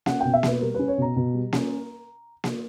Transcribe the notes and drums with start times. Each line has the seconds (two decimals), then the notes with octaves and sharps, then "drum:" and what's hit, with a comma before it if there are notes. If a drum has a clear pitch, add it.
0.06 C#4 F#5, drum: snare A#3
0.20 B2 G5
0.34 E5
0.43 B2 B4, drum: snare A#3
0.61 G3 A#4
0.74 C#4 B4
0.88 C#5
0.98 B2 A#5
1.16 B2
1.34 G3
1.53 C#4, drum: snare A#3
2.44 drum: snare A#3